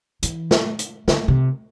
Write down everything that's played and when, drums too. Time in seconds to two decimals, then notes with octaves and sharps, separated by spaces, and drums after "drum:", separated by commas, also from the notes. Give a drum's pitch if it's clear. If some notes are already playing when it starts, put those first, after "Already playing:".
0.23 E3, drum: hi-hat
0.51 drum: snare
0.79 drum: hi-hat
1.08 D3, drum: snare
1.28 C3